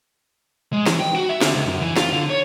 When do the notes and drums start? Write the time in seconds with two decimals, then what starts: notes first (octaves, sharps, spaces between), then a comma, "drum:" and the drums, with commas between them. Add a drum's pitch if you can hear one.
0.73 G#3
0.86 E3, drum: snare
1.00 G5
1.15 F#4
1.29 E5
1.41 D3, drum: snare
1.54 C#2
1.67 F#2
1.81 E3
1.97 F4, drum: snare
2.13 D3
2.30 C#5